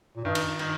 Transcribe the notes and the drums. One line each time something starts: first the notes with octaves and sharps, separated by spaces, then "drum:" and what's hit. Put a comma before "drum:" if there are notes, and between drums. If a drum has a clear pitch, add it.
A#2
G2 D#3
drum: cymbal
G2
D#3, drum: cymbal